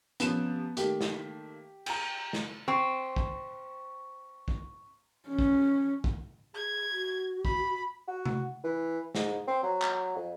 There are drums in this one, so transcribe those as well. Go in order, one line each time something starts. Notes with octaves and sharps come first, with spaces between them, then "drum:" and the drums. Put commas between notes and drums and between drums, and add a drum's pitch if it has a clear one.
C3 F3 B3 C#4 E7, drum: hi-hat
D#3 A3 A#3 G4, drum: hi-hat
drum: snare
G5 G#5 A#5, drum: cymbal
drum: snare
C4 C#6
drum: kick
drum: kick
C#4
drum: kick
drum: kick
G#4 G#6
F#4
B5, drum: kick
F#4
drum: tom C3
E3
G#2, drum: snare
C4
F#3
drum: clap
F2